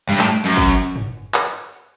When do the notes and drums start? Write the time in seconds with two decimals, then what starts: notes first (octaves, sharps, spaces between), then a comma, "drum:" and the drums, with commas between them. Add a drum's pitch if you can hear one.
0.09 G2
0.19 A2, drum: clap
0.45 F#2
0.57 drum: kick, tambourine
0.96 drum: tom
1.34 drum: clap
1.73 drum: tambourine